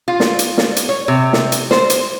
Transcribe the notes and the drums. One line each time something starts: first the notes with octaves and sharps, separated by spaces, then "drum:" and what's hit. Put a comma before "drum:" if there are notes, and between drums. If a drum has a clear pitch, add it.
F4
drum: snare
drum: hi-hat
drum: snare
drum: hi-hat
C#5
C3
drum: snare
drum: hi-hat
C5, drum: snare
drum: hi-hat